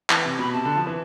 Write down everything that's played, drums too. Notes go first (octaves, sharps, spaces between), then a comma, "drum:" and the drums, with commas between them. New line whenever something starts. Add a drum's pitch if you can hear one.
E3 A5, drum: clap
C3
B2 B5
C3 A5
D3
F3
E3